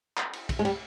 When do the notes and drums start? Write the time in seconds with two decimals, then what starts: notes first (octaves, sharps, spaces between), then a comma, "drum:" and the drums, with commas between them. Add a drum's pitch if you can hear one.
0.17 drum: clap
0.33 drum: cymbal
0.49 drum: kick, cymbal
0.59 G#3
0.65 G3, drum: cymbal